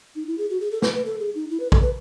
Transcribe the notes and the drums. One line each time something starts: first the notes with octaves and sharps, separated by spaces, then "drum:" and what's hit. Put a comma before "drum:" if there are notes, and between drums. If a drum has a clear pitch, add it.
D#4
E4
G#4
F#4
G#4
A4
B4, drum: snare
B4
A4
G#4
D#4
E4
B4
A4, drum: kick A#1
B4